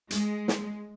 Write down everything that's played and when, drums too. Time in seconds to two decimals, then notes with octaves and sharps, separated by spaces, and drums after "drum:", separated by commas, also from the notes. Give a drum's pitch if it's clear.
0.11 G#3, drum: hi-hat
0.48 drum: snare